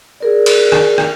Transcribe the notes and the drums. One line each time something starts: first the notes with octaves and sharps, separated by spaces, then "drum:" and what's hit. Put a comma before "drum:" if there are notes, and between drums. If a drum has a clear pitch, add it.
G#4 A#4 D5
drum: cymbal
drum: rim click
drum: rim click